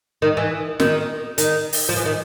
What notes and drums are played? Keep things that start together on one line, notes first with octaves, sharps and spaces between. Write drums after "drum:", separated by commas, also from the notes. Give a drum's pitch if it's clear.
D#3
E3
D#3, drum: snare
D#3, drum: hi-hat
drum: open hi-hat
F3
E3
D#3